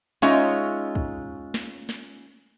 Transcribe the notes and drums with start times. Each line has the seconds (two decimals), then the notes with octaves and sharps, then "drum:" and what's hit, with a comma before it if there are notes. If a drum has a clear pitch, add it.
0.22 G#3 C#4 D#4 F4 C#5 E5, drum: snare
0.95 drum: kick
1.54 drum: snare
1.89 drum: snare